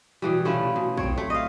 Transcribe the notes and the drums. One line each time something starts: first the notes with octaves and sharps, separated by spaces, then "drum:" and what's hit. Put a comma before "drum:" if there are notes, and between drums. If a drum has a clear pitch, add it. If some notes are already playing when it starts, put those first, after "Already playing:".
B2 E3 G3
A3 C#4 E4 F4
drum: tom A#2
B2
C4 C#5, drum: kick
A3
D#5 F5